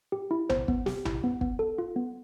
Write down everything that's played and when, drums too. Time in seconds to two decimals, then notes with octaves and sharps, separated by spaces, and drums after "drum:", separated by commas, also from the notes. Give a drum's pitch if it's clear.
0.12 G4
0.31 E4
0.49 B3 C5, drum: tom A#1
0.68 B3, drum: kick
0.86 G4, drum: snare
1.05 E4, drum: tom A#1
1.24 B3
1.41 B3, drum: kick
1.59 A4
1.78 F4
1.96 B3